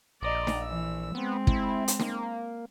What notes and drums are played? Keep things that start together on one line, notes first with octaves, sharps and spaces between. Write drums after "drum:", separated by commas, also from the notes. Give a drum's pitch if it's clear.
A#1 D5 D#5 A#5
drum: snare
E3 E6
G#3 B3 C4
E4, drum: kick
drum: hi-hat
A#3, drum: snare